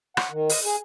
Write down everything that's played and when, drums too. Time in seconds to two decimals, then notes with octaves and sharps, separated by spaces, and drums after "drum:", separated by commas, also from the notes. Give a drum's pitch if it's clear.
0.17 F#5, drum: rim click
0.31 D#3
0.49 D#5, drum: open hi-hat
0.65 G#4